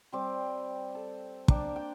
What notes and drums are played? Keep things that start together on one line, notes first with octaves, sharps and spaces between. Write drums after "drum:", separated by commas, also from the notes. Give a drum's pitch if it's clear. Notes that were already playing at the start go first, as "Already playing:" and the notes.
G3 C4 D6
A4
A#3 D4 G5 D6, drum: kick
G5